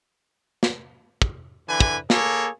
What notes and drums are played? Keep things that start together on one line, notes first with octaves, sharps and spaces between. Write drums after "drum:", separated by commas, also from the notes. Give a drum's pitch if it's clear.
drum: snare
drum: kick
D3 E3 B4 G#5
drum: kick
A#3 G#4 A4 C#5, drum: snare